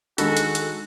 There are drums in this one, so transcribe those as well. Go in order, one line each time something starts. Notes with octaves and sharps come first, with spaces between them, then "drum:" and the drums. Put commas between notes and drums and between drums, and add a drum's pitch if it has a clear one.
D#3 G#3 D4 F#4 A4, drum: hi-hat
drum: hi-hat
drum: hi-hat